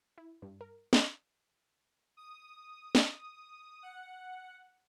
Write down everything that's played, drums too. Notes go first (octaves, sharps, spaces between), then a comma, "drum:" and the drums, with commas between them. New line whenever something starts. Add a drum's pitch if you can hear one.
E4
G2
A#4
drum: snare
D#6
drum: snare
F#5